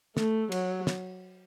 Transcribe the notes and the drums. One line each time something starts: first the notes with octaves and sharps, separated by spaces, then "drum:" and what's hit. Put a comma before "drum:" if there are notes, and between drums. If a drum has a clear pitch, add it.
A3, drum: snare
F#3, drum: cymbal
drum: snare